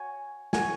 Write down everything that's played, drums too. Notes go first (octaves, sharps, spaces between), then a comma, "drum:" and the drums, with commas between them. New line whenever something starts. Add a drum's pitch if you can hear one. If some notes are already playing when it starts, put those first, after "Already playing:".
Already playing: F#4 C#5 G#5
F#4 C#5 G#5, drum: snare